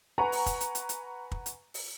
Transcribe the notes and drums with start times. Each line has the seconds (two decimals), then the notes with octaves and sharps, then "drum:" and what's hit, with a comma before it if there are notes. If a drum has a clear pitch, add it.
0.18 B4 F#5 G#5 A#5 C#6
0.32 drum: open hi-hat
0.46 drum: kick, hi-hat
0.61 drum: hi-hat
0.75 drum: hi-hat
0.89 drum: hi-hat
1.32 drum: kick
1.46 drum: hi-hat
1.74 drum: open hi-hat